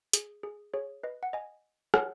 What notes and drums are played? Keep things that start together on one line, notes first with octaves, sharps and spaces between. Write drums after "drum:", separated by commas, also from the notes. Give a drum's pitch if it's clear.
G#4, drum: hi-hat
G#4
G#4 C#5
B4 D#5
F#5
D#5 G#5
C#5 F#5, drum: rim click